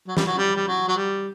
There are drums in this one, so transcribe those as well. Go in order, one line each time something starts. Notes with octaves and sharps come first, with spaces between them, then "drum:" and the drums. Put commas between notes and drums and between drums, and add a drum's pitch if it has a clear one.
F#3
G3, drum: snare
F#3
G3
G3
F#3
F#3
G3